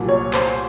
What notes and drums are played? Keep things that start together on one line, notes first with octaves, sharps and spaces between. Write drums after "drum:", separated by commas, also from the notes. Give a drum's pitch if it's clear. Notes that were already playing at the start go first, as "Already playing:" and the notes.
Already playing: C2 A#2 F#3
C#5
C5, drum: clap